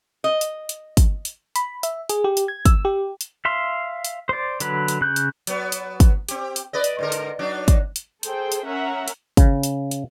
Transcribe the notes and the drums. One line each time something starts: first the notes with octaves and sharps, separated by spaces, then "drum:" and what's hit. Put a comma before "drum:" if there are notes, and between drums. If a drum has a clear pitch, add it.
D#5
drum: hi-hat
drum: hi-hat
drum: kick, hi-hat
drum: hi-hat
B5, drum: hi-hat
E5, drum: hi-hat
G#4, drum: hi-hat
G4
drum: hi-hat
G#6
E6, drum: kick, hi-hat
G4
drum: hi-hat
E5 F5 C6
drum: hi-hat
C5 D5
D3 F#3 B4, drum: hi-hat
drum: hi-hat
C#3 F#6 G6
drum: hi-hat
F#3 B3, drum: hi-hat
drum: hi-hat
drum: kick, hi-hat
C4 G4, drum: hi-hat
drum: hi-hat
B4 D5 D#5
drum: hi-hat
G#2 D3 A#4
drum: hi-hat
F#3 D4 D#4
drum: kick, hi-hat
drum: hi-hat
G#4 A4 C5 G5, drum: hi-hat
drum: hi-hat
C#4 A#4 E5 F#5 A#5
drum: hi-hat
C#3, drum: kick, hi-hat
drum: hi-hat
drum: hi-hat